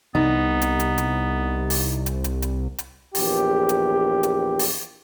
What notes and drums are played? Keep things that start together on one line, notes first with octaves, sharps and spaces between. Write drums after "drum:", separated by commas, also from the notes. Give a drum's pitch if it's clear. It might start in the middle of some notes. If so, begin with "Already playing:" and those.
C2 B3 D#4
drum: hi-hat
drum: hi-hat
drum: hi-hat
drum: open hi-hat
drum: hi-hat
drum: hi-hat
drum: hi-hat
drum: hi-hat
A#1 E2 G4, drum: open hi-hat
drum: hi-hat
drum: hi-hat
drum: open hi-hat